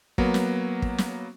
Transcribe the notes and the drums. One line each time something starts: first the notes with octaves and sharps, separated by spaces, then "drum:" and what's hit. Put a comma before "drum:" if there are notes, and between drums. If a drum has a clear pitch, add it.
F#3 A#3 B3, drum: kick
drum: snare
drum: kick
drum: snare